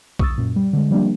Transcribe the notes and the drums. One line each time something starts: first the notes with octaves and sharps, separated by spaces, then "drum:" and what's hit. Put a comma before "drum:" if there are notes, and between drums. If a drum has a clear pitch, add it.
C#6 D#6 E6 A6, drum: kick A#1
F#2 A#2
G3
D3 G#3
F3 G3 A#3 D4 G4